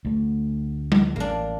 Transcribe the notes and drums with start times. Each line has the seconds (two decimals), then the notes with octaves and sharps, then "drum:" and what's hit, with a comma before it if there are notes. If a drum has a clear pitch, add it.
0.05 D2 A3
0.92 drum: tom G3
1.16 A1 A#3 D4